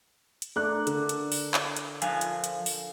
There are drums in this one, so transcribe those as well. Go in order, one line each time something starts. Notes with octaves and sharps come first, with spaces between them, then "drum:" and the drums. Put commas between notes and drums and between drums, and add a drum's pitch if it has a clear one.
drum: hi-hat
A3 D4 A#4 D6 F#6
D3, drum: hi-hat
drum: hi-hat
drum: open hi-hat
drum: clap
drum: hi-hat
F3 F5 G#5, drum: hi-hat
drum: hi-hat
drum: hi-hat
drum: open hi-hat